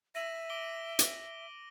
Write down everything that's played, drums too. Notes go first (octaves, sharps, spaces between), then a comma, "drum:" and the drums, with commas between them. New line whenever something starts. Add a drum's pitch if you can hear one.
E5 A#6 D#7 F#7
D6 D7 G7
drum: hi-hat